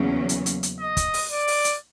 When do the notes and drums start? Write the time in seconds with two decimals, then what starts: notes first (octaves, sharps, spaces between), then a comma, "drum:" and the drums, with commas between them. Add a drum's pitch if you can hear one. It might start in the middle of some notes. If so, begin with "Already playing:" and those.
Already playing: E2 C#3 F#3 A#3 C#4
0.29 drum: hi-hat
0.46 drum: hi-hat
0.63 drum: hi-hat
0.80 D#5
0.97 drum: kick, hi-hat
1.14 drum: open hi-hat
1.31 D5
1.47 drum: open hi-hat
1.64 drum: hi-hat